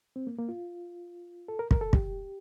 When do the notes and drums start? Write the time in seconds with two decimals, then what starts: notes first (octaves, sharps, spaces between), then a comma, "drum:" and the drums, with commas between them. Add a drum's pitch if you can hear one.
0.16 C4
0.27 A#3
0.38 A#3
0.49 F4
1.48 A4
1.59 A#4
1.71 A#4, drum: kick
1.81 A4
1.93 G4, drum: kick